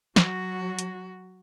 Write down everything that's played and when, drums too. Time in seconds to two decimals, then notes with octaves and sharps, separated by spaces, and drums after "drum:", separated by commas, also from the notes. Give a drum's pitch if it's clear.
0.16 F#3 F#4, drum: snare
0.79 drum: hi-hat